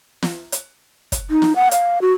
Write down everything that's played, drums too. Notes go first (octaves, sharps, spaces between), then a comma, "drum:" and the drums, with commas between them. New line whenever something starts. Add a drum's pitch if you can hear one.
drum: snare
drum: hi-hat
drum: kick, hi-hat
D#4
drum: snare
F#5
F5, drum: hi-hat
F#4